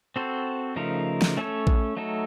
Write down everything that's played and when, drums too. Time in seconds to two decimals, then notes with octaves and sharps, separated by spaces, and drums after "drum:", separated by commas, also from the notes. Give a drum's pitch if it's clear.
0.16 C4 F#4 A4 C5
0.76 C#3 F3 A3 D#4 A#4
1.22 drum: snare
1.37 A3 C#4 A4 C#5
1.67 drum: kick A#1
1.97 F#3 A3 D#4 A4